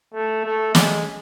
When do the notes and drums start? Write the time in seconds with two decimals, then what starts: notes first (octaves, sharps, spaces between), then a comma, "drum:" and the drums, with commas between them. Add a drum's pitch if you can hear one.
0.14 A3
0.45 A3
0.75 G#3, drum: snare